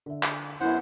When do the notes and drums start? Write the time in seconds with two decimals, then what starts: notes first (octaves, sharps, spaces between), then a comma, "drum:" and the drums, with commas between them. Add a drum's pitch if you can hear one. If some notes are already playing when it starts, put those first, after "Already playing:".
0.06 D3 E5
0.23 drum: clap
0.61 F#2 B3 C#4 E4 C5 F#5